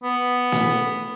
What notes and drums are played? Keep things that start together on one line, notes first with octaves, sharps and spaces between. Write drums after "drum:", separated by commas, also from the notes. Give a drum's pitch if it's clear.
B3
drum: snare